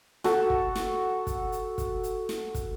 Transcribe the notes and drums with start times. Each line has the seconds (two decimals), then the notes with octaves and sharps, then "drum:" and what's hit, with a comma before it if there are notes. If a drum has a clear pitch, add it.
0.24 F#4 A4, drum: snare
0.50 drum: kick
0.75 drum: snare
1.27 drum: kick, hi-hat
1.52 drum: hi-hat
1.78 drum: kick, hi-hat
2.03 drum: hi-hat
2.29 drum: snare
2.54 drum: kick, hi-hat